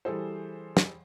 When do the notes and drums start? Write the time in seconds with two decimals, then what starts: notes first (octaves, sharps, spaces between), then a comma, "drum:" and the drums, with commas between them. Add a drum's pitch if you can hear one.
0.05 E3 G3 G#4 A4 C5
0.77 drum: snare